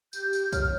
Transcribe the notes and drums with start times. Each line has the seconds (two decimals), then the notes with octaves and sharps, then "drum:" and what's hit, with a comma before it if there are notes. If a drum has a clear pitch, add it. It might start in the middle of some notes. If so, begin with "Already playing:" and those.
0.13 G4 G6, drum: tambourine
0.33 G6, drum: tambourine
0.53 C#5 F6, drum: kick, tambourine